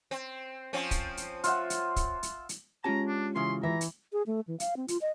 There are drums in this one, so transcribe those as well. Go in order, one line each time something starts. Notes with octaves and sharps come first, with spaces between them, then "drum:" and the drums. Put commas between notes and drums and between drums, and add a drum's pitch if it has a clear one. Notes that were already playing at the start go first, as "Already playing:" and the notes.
C4
F3 C4 C#4
drum: kick, hi-hat
drum: hi-hat
F4 E5 F#5, drum: hi-hat
drum: hi-hat
drum: kick, hi-hat
drum: hi-hat
drum: hi-hat
G#3 C#4 F4 G4 A5 A#5
D4
C#3 E3 C#4 C6
E3 E5 A#5
drum: hi-hat
G#4
A3
E3
F5, drum: hi-hat
C4
F4, drum: hi-hat
D#5